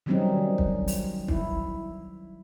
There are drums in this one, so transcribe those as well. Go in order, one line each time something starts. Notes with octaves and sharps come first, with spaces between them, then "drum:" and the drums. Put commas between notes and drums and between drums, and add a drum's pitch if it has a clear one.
D#3 F#3 G3 C4 C#4 D#4
drum: kick
drum: open hi-hat
E4, drum: kick